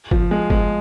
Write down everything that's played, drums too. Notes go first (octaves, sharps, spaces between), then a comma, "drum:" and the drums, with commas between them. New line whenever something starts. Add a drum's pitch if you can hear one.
F3, drum: kick
G#3
G#3, drum: kick